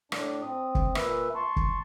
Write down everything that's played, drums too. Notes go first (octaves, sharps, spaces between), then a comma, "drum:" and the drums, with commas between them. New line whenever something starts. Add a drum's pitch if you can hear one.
A2 D4, drum: rim click
C4 D#6
drum: kick
A#2 A#3 B4 E5, drum: rim click
A5 C6 C#6
drum: kick